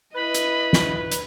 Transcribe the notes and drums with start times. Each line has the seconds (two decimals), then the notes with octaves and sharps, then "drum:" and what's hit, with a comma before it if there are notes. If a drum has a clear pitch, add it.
0.15 E4 B4 D#5 B5
0.34 drum: hi-hat
0.73 drum: snare
1.12 drum: hi-hat